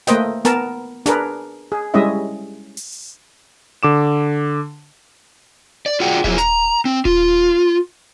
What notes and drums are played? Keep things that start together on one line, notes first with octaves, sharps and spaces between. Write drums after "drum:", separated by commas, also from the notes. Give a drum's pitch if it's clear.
A3 A#3 B4 C5 D#5 G5, drum: snare
B3 A#4 A5, drum: snare
D4 G#4 A#4 B4, drum: snare
G#4
G3 G#3 C#4 E4 D#5 E5
drum: open hi-hat
drum: hi-hat
D3 D6 E7
D5
F4 F#4 G#4 D5 F#5 G5
F3 F#3 E4 G#4 E5, drum: kick D#1
A#5, drum: hi-hat
C4
F4, drum: kick D#1